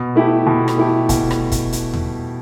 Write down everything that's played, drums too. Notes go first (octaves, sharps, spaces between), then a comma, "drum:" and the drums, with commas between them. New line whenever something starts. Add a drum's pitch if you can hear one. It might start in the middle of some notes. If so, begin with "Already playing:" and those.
Already playing: B2
A3 E4 G4
B2
drum: rim click
A3 E4 G4
B2, drum: kick, hi-hat
drum: rim click
drum: kick, hi-hat
drum: hi-hat
drum: tom D#2